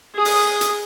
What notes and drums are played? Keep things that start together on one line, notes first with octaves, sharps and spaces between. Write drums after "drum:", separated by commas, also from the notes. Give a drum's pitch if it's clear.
G#4 D#6
drum: open hi-hat
drum: hi-hat